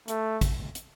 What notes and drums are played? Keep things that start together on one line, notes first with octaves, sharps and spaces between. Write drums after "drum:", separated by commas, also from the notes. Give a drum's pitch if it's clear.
A3, drum: hi-hat
drum: kick, hi-hat
drum: hi-hat